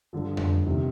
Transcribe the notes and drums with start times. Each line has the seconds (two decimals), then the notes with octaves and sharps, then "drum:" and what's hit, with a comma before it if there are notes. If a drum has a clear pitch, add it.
0.13 G2 D3 F3
0.37 drum: tom F2
0.66 C3 D#3